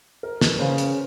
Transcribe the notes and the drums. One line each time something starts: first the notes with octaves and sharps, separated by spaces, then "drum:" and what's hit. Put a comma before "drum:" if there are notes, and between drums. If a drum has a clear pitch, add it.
A#4
B4, drum: snare
C#3 C5
C5, drum: hi-hat